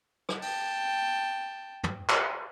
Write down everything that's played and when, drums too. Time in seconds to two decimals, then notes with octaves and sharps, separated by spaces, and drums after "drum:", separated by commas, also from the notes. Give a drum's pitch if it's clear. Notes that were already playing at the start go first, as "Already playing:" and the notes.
0.29 drum: rim click
0.42 G5 A5, drum: open hi-hat
1.84 drum: tom
2.09 drum: clap